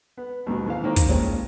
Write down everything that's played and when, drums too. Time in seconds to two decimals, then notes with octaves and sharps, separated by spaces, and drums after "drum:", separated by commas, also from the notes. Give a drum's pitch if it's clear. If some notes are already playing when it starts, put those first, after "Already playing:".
0.17 B3
0.47 D#2 G#2 B2
0.66 G#2 E3 F5
0.84 D#3 A#3 C4
0.96 drum: kick, hi-hat
1.09 G2 A#2 G#3 C4 C#4